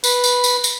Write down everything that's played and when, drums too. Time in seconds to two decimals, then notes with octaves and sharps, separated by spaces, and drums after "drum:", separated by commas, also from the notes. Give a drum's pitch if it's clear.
0.04 B4, drum: tambourine
0.24 drum: tambourine
0.44 drum: tambourine
0.64 drum: tambourine